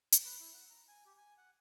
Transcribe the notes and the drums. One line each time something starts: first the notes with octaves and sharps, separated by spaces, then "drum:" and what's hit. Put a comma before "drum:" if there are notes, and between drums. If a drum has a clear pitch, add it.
drum: hi-hat
B4
E4
F#5
A#5
G#5
G4
G#5
F#5